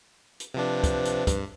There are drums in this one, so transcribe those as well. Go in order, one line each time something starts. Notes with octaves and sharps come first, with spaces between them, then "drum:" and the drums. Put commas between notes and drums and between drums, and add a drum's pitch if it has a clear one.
drum: hi-hat
C3 F3 D4 B4
drum: kick, hi-hat
drum: hi-hat
G2, drum: kick, hi-hat